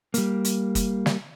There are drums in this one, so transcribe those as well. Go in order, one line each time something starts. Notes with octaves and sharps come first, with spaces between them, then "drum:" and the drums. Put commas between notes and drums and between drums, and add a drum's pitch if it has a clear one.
G3 A#3, drum: hi-hat
drum: hi-hat
drum: kick, hi-hat
drum: snare